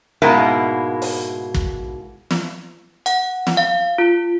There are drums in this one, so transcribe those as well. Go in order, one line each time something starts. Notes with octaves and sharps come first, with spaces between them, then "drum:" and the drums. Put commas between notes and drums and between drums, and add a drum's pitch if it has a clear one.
G#2 B2 G#3 A#3 E4
drum: open hi-hat
drum: kick
drum: snare
F#5, drum: hi-hat
drum: snare
F5
F4